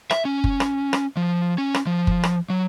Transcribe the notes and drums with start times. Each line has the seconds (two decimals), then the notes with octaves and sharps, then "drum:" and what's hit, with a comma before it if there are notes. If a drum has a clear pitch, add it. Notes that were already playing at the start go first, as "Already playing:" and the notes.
0.11 E5, drum: rim click
0.25 C#4
0.44 drum: kick
0.60 drum: rim click
0.93 drum: rim click
1.17 F3
1.58 C#4
1.74 drum: rim click
1.87 F3
2.07 drum: kick
2.23 drum: rim click
2.50 F#3